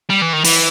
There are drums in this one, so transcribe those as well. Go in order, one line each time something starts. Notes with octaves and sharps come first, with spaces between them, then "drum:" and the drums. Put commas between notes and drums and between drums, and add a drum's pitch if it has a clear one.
G3
E3
D#3
E3, drum: open hi-hat